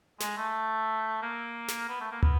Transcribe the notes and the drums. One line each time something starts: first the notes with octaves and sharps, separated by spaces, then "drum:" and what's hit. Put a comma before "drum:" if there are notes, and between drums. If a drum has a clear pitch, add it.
G#3, drum: snare
A3
A#3
drum: snare
B3
A3
A#3
B3, drum: tom